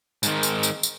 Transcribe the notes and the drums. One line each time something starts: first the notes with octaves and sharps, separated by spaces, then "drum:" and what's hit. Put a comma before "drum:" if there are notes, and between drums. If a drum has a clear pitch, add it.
G#2 D#3, drum: tambourine
drum: tambourine
drum: tambourine
drum: tambourine